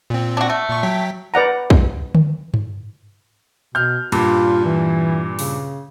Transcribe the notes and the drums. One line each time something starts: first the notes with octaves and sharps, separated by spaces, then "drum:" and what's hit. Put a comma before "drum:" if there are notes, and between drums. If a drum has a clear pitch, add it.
A#2 C4
D4 F#4
A3
A#2 C#6
F#3 G5 B6
B4 D5 F#5 A#5
drum: kick
drum: tom D3
drum: tom G2
B2 F6 G6
G2 A#2 F4, drum: cymbal
E3
C#3, drum: open hi-hat